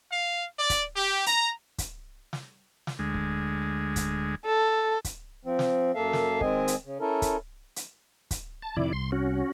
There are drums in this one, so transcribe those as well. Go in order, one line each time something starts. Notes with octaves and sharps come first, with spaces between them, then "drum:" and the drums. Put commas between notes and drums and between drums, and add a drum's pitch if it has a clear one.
F5
D5
drum: kick, hi-hat
G4
A#5, drum: hi-hat
drum: kick, hi-hat
drum: snare
drum: snare
D2 G#3
drum: kick
drum: kick, hi-hat
A4
drum: kick, hi-hat
F3 C4
drum: snare
F#2 A#3 A4 E5 F5
drum: snare
D#3 G#3 C4 D#5 G#5, drum: kick
drum: hi-hat
C#3
C#4 E4 A4 A#4
drum: kick, hi-hat
drum: hi-hat
drum: kick, hi-hat
A5
F2 C3 D#3 E4 D5
C2 C6
C#4 F#4